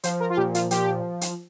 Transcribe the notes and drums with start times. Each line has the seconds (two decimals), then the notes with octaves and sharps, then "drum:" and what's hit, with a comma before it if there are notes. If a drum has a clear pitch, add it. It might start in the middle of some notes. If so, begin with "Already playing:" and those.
0.03 F3 C5, drum: hi-hat
0.20 A#4
0.30 F4
0.37 A#2 G4
0.55 F4, drum: hi-hat
0.71 F3 G4, drum: hi-hat
1.21 drum: hi-hat